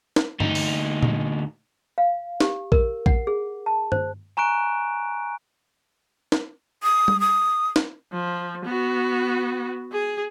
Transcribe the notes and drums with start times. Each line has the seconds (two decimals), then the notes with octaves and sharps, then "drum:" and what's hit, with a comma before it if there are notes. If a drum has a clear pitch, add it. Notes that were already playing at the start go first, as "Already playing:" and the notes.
0.16 drum: snare
0.40 D2 D#4, drum: tom G2
0.55 drum: open hi-hat
1.03 drum: tom A#2
1.98 F5
2.40 G4, drum: snare
2.72 A#4, drum: kick A#1
3.06 F#5, drum: kick A#1
3.27 G#4
3.66 A5
3.92 C5, drum: tom G2
4.37 G#5 A#5 C#6 F#6 D7
6.32 drum: snare
6.83 D#6
7.08 drum: tom G3
7.20 D#6
7.76 drum: snare
8.13 F3
8.65 B3 F#4
9.92 G#4